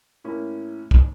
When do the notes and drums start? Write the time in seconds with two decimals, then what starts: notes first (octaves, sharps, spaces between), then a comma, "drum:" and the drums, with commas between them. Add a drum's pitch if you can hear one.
0.24 A2 A#3 C#4
0.91 drum: kick